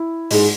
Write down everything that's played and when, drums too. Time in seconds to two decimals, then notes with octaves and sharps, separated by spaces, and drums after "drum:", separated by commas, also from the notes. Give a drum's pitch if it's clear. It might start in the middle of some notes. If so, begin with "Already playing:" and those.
Already playing: E4
0.31 G#2 G#3, drum: open hi-hat